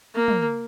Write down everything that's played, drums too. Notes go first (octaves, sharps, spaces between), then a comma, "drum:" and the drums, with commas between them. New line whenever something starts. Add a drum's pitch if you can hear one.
A#3
drum: tom